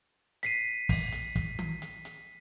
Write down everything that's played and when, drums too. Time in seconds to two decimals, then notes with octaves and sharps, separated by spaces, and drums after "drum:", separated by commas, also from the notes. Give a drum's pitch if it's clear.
0.43 B6 C7 D#7, drum: hi-hat
0.89 drum: kick, open hi-hat
1.12 drum: hi-hat
1.36 drum: kick, hi-hat
1.59 drum: tom D#3
1.82 drum: hi-hat
2.05 drum: hi-hat